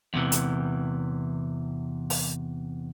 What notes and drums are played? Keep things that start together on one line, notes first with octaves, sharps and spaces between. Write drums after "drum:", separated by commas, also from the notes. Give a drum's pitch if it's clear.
E2 C3 E3
drum: hi-hat
drum: open hi-hat